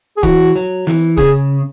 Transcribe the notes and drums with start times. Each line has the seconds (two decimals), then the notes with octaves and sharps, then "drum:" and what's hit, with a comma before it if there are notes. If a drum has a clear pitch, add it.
0.17 G#4
0.23 E3 F#4, drum: kick
0.56 F#3
0.87 E3, drum: snare
1.17 C#3 G#4, drum: kick